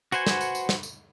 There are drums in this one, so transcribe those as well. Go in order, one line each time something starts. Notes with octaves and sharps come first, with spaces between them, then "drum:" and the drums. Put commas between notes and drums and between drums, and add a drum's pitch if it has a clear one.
F#4 B4 C5 F#5 G#5, drum: tambourine
drum: snare
drum: tambourine
drum: tambourine
drum: snare
drum: tambourine